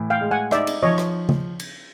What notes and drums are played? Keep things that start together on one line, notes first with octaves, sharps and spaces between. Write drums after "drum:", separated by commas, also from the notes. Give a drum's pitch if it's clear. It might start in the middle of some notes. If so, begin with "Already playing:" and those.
Already playing: A2 E3
F5 G5
G#3
F#5 G#5
D#4 D5 E5, drum: rim click
drum: cymbal
F3 C#5 D#5
drum: rim click
drum: tom C#3
drum: cymbal